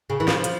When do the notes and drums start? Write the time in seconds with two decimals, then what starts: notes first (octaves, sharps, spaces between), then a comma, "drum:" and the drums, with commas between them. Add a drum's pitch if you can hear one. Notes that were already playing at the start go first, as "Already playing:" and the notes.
0.10 C#3
0.20 E3
0.28 F3, drum: snare
0.44 drum: hi-hat